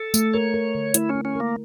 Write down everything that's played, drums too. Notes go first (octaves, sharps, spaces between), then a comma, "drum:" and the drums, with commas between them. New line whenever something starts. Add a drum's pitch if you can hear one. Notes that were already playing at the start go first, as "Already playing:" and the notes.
Already playing: A4
A3, drum: tambourine
A#4 C#5
A#4
D3
A3 E4, drum: hi-hat
C#4
E4
C#4
A#3 A#4